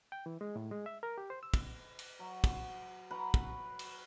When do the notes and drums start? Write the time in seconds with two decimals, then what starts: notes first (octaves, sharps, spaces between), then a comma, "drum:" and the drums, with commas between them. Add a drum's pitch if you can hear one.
0.12 G5
0.26 E3
0.41 G#3
0.56 A2
0.71 G#3
0.86 E5
1.03 A#4
1.18 G4
1.30 C5
1.43 E6
1.54 drum: kick, cymbal
1.99 drum: cymbal
2.19 F#3
2.44 drum: kick, cymbal
3.11 F#3 B4 A#5
3.34 drum: kick
3.79 drum: cymbal